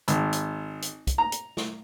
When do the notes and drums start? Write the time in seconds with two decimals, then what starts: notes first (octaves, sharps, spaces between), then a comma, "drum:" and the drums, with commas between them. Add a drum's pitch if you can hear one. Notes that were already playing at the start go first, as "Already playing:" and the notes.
0.08 G#1, drum: hi-hat
0.33 drum: hi-hat
0.82 drum: hi-hat
1.07 drum: kick, hi-hat
1.18 A#5
1.32 drum: hi-hat
1.57 drum: snare